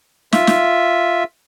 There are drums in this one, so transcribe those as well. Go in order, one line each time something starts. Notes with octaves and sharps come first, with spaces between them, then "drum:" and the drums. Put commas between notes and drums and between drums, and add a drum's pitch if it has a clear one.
F4 E5, drum: snare
drum: snare